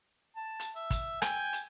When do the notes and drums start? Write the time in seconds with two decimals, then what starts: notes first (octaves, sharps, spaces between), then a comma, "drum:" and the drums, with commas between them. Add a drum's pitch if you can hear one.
0.36 A5
0.59 drum: hi-hat
0.76 E5
0.91 drum: kick, hi-hat
1.22 G5 G#5, drum: rim click
1.53 drum: hi-hat